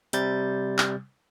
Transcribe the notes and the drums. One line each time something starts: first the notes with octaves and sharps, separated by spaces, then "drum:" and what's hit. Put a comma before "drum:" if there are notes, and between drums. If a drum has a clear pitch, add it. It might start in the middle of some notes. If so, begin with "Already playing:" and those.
C3 G3 G6 A6, drum: hi-hat
drum: clap